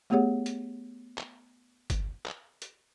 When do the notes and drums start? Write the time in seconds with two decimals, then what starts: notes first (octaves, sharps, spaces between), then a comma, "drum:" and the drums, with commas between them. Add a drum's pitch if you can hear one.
0.10 A3 B3 G4 G#4 C#5 F#5
0.46 drum: hi-hat
1.18 drum: clap
1.90 drum: kick G1, hi-hat
2.26 drum: clap
2.62 drum: hi-hat